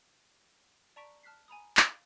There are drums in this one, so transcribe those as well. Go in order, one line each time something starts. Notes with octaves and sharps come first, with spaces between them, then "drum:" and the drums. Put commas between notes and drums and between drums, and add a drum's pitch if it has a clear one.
D5 A5 A#5 C#6 B6 D7
A5 F6 F#6 B6 C7
G#5 A#5 B5 D#6
F5, drum: clap